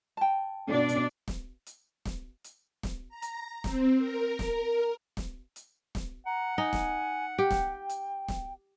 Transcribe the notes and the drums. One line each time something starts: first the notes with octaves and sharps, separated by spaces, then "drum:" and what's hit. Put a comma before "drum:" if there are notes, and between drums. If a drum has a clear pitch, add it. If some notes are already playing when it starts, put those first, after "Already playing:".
G5 A5
B2 D4 D5
drum: hi-hat
drum: snare
drum: hi-hat
drum: snare
drum: hi-hat
drum: snare
A#5
drum: hi-hat
C4, drum: snare
A#4
drum: snare
drum: snare
drum: hi-hat
drum: snare
F#5 A#5
D#4 G#5
drum: snare
G4 G5
drum: snare
drum: hi-hat
drum: snare